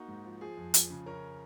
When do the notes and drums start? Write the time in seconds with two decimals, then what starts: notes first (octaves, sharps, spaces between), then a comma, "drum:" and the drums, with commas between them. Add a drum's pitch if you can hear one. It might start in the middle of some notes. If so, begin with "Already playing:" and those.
Already playing: A#3 D#4 F#4
0.08 G#2
0.25 F3
0.41 F3 G#4
0.57 F2
0.74 F2, drum: hi-hat
0.90 C#3
1.06 C#4 A#4